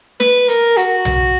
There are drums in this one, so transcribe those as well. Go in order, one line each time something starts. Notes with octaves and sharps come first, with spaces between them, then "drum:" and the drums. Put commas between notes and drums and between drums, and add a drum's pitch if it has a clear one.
B4, drum: snare
A#4, drum: hi-hat
F#4, drum: hi-hat
drum: tom B1